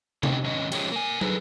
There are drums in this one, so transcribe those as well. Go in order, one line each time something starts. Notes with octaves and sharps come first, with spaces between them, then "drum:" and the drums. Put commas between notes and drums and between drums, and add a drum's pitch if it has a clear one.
C4 C#4 E4 G4 D#5 G5, drum: tom C3
G#2 D#3 C#4 D#5
F3 G#3 A#3 C#4 G4, drum: cymbal
A#3 G#5
G#4 A4 B4 A#5, drum: tom